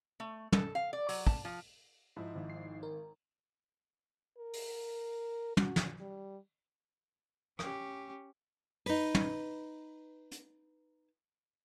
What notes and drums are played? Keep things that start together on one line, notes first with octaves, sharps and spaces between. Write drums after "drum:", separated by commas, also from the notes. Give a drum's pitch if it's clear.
A3
A4, drum: tom
F5
D5
F#3, drum: open hi-hat
A5, drum: kick
F3
G#2 F3 E4
G#1
C7
A#4
A#4
drum: open hi-hat
F#4, drum: tom
drum: snare
G3
C#4 G4, drum: rim click
D#4 B4, drum: open hi-hat
drum: tom
drum: hi-hat